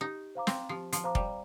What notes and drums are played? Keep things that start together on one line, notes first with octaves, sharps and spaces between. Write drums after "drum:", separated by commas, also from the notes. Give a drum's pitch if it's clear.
D#4 G4
C5 F5 A#5 D6
C4, drum: snare
F3 G4
F3, drum: hi-hat
C5 F5 A#5 D6
G3, drum: kick F1